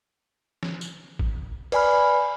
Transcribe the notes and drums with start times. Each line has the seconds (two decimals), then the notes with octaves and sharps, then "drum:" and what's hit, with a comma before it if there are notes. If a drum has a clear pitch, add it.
0.63 drum: snare
0.81 drum: tambourine
1.19 drum: kick
1.72 B4 D5 G#5 B5 F6, drum: cymbal